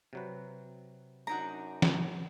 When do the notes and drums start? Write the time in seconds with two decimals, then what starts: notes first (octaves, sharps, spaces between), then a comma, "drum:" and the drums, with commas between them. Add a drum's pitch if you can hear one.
0.13 C3 F#3 B4
1.27 F#2 D4 D#4 F#4 A#5
1.82 drum: snare